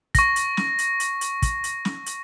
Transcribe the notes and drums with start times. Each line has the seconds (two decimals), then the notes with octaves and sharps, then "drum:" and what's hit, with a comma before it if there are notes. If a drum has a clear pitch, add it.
0.15 C#6 A#6, drum: kick, hi-hat
0.36 drum: hi-hat
0.57 drum: snare
0.79 drum: hi-hat
1.00 drum: hi-hat
1.21 drum: hi-hat
1.42 drum: kick, hi-hat
1.64 drum: hi-hat
1.85 drum: snare
2.06 drum: hi-hat